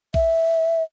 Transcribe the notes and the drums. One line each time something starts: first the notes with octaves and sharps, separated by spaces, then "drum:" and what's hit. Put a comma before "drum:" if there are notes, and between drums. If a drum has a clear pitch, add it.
E5, drum: kick A#1